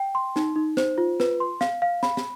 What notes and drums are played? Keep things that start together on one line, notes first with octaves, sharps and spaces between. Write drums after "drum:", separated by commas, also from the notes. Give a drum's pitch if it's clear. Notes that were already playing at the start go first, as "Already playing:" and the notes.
Already playing: G5
C6
D#4, drum: snare
D#4
C5, drum: snare
F4
B4, drum: snare
C6
F5, drum: snare
F5
B5, drum: snare
drum: snare